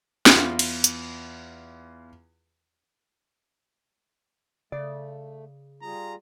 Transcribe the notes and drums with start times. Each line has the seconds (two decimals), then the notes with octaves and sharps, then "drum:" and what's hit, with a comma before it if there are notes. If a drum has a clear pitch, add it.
0.26 E2 F4, drum: snare
0.59 drum: cymbal
0.84 drum: hi-hat
4.72 C#3 A3 D5
5.82 G3 F4 G#4 A#5